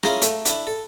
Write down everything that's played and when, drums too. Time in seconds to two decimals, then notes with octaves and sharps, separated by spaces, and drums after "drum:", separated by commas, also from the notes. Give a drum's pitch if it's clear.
0.03 C#4 E4 F4 G#4 A#4, drum: rim click
0.22 A3, drum: hi-hat
0.45 D4 E4, drum: hi-hat
0.67 A4